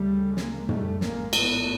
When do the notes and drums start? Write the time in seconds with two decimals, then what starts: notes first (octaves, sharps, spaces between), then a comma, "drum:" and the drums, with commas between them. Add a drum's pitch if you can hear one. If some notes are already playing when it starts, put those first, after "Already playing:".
Already playing: D2 C#3 G3 A3
0.37 G#3 A#3, drum: snare
0.69 G3 A3, drum: tom
1.01 A1 G#2 G#3 A#3, drum: snare
1.33 A3 B3, drum: cymbal